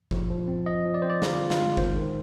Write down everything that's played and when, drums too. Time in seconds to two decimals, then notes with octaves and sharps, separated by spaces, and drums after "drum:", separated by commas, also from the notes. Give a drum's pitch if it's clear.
0.11 F3, drum: kick G1
0.30 F3
0.48 C4
0.66 F3 D#5
0.86 F3
0.94 D5
1.02 C4 C5
1.10 D5
1.22 D3 F4, drum: snare
1.40 D3
1.50 F4, drum: snare
1.59 G#3
1.77 D#3 C5, drum: kick G1
1.96 D#3